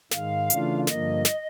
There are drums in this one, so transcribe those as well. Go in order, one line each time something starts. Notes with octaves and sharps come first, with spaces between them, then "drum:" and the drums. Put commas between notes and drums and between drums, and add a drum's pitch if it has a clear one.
G#2 D#3 G#3 F5, drum: snare
C#3 E3 A3 D4 F4, drum: hi-hat
G2 D3 F3 A#3 D#5, drum: snare
drum: snare